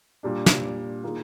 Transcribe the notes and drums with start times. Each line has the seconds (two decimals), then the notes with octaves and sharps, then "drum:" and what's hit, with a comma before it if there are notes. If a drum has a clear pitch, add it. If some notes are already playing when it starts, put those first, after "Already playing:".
0.23 A#2 G3 D4
0.46 drum: snare
1.03 D#3 A#3 F4 G#4